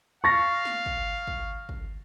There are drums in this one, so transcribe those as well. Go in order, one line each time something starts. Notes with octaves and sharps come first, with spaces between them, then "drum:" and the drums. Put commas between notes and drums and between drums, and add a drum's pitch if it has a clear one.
F5 C#6 A6 A#6
drum: snare
drum: kick
drum: kick
drum: kick